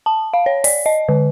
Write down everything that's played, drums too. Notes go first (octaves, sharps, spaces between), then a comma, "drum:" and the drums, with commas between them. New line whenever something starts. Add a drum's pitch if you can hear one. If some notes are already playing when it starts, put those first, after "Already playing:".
A5
F5
C#5
D5, drum: open hi-hat
D#5
D3